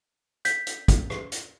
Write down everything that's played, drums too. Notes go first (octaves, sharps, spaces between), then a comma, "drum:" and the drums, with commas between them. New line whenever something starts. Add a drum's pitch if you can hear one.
G6 B6, drum: hi-hat
drum: hi-hat
drum: kick, hi-hat
drum: rim click
drum: hi-hat